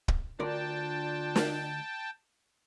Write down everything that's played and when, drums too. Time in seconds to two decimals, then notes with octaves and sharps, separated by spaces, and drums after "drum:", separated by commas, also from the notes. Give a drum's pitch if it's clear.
0.08 drum: kick
0.40 D2 D4 F4 A#4 D5 G5 A5
1.36 drum: snare